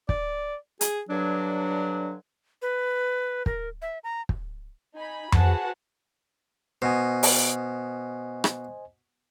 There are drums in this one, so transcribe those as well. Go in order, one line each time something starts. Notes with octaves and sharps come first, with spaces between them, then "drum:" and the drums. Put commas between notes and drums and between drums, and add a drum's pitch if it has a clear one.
D5, drum: kick
G#4, drum: hi-hat
G2 D3 F#3 D4
B4
A#4, drum: kick
E5
A#5
drum: kick
D#4 G#5 B5
F#4 G#4 B4 C5 F#5 A5, drum: tom F2
B2 C5 D#5 G#5
drum: open hi-hat
drum: rim click